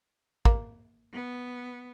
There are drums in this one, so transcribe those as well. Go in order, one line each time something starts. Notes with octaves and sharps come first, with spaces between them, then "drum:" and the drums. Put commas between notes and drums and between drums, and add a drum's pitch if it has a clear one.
A#3, drum: kick
B3